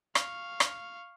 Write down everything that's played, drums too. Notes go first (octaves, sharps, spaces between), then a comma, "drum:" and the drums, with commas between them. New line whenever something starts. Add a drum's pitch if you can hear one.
F5 C#6, drum: rim click
drum: rim click